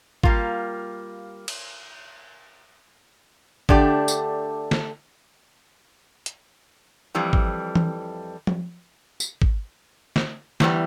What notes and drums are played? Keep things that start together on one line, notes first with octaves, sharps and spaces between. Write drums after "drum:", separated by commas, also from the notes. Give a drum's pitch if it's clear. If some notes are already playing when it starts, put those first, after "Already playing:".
G3 A#3 F4, drum: kick
drum: cymbal
D3 A3 D4 G4 D5, drum: kick
drum: tambourine
drum: snare
drum: hi-hat
F2 E3 G3
drum: kick
drum: tom E3
drum: tom F3
drum: tambourine
drum: kick
drum: snare
E2 E3 G3, drum: snare